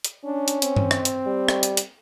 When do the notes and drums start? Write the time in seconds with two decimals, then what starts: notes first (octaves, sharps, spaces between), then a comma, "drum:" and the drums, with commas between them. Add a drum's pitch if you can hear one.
0.05 drum: hi-hat
0.25 C#4 D4
0.48 drum: hi-hat
0.62 C4, drum: hi-hat
0.77 drum: tom G2
0.91 drum: rim click
1.05 drum: hi-hat
1.27 G3
1.49 drum: rim click
1.63 drum: hi-hat
1.77 drum: hi-hat